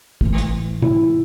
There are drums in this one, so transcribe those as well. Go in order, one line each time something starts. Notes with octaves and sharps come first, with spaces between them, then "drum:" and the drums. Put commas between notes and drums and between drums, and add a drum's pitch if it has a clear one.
A2 E3, drum: kick
drum: hi-hat
E4, drum: tom